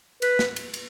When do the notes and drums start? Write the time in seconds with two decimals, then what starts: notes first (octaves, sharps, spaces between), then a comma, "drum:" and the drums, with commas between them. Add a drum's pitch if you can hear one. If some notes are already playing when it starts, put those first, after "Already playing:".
0.22 B4, drum: cymbal
0.39 drum: snare
0.56 drum: cymbal
0.74 drum: cymbal